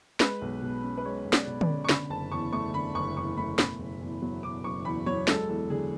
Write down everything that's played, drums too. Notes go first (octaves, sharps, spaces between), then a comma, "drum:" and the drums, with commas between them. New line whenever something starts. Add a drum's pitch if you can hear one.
G#3 B4, drum: snare
B1
B2
C#4
B4
G#3 C#5
B1
D5, drum: snare
B2
D5, drum: tom D3
C#4
C#6
D3 B5, drum: snare
F#1 A5
E2 C#6
A3 C#6
D3 B5
F#1 C#6
E2 C#6
A3 B5
B2 B5, drum: snare
F#1
E2
F#3
B2 D6
F#1 C#6
E2 B5
F#3 C#5
G#3 A4, drum: snare
E2 A4
D3 G#4